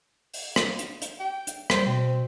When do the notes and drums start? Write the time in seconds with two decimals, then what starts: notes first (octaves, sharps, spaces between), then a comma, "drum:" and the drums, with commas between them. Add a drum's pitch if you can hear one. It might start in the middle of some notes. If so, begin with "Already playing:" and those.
0.34 drum: open hi-hat
0.56 drum: rim click
0.79 drum: hi-hat
1.02 drum: hi-hat
1.20 G5
1.47 drum: hi-hat
1.70 G3 C5, drum: rim click
1.86 B2 C4